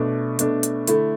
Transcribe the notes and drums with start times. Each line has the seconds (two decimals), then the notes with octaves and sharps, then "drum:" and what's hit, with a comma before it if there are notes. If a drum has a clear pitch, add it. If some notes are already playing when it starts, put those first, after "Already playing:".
Already playing: B2 A3 D4
0.39 B2 A3 D4, drum: hi-hat
0.63 drum: hi-hat
0.87 D3 A3 E4, drum: hi-hat